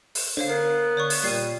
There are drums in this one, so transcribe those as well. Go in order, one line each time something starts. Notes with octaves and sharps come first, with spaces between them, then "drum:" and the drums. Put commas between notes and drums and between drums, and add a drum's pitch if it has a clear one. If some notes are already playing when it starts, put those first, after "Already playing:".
drum: open hi-hat
D3 C5 C#5 F5
B3 A#4 C7
C#5 D5 C#6
drum: open hi-hat
A#2 G3 C7 D#7